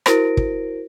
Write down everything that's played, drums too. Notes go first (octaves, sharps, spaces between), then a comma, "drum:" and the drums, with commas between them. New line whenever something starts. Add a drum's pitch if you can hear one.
E4 F#4 A#4 C5 A#6 D7, drum: rim click
drum: kick